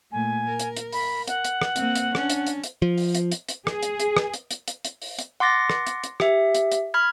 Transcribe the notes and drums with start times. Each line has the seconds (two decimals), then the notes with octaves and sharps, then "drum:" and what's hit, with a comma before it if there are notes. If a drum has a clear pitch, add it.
0.12 A#2 A3 G#5
0.49 A#4
0.60 drum: hi-hat
0.77 drum: hi-hat
0.92 B5, drum: open hi-hat
1.28 F#5, drum: hi-hat
1.45 drum: hi-hat
1.62 drum: rim click
1.76 A#3 C4, drum: hi-hat
1.96 drum: hi-hat
2.15 C#4 D4, drum: rim click
2.30 drum: hi-hat
2.47 drum: hi-hat
2.64 drum: hi-hat
2.82 F3
2.98 drum: open hi-hat
3.15 drum: hi-hat
3.32 drum: hi-hat
3.49 drum: hi-hat
3.67 G#4, drum: rim click
3.83 drum: hi-hat
4.00 drum: hi-hat
4.17 drum: rim click
4.34 drum: hi-hat
4.51 drum: hi-hat
4.68 drum: hi-hat
4.85 drum: hi-hat
5.02 drum: open hi-hat
5.19 drum: hi-hat
5.40 F#5 C6 D6 A6 A#6
5.70 drum: rim click
5.87 drum: hi-hat
6.04 drum: hi-hat
6.20 G4 E5, drum: rim click
6.55 drum: hi-hat
6.72 drum: hi-hat
6.94 B5 F6 G#6